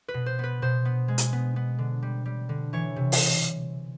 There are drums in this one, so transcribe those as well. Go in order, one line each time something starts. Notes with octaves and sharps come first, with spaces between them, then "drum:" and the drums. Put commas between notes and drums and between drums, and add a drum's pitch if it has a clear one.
B4
B2
C5
B3 B4
B2 C5
B3
G#3
drum: hi-hat
B3
B3
D3
G3
G3
D3
E3 C#5
C3
drum: open hi-hat